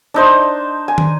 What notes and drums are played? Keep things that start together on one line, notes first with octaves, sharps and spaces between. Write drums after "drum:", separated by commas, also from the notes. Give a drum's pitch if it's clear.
D4 D#4 C5
G#5
drum: tom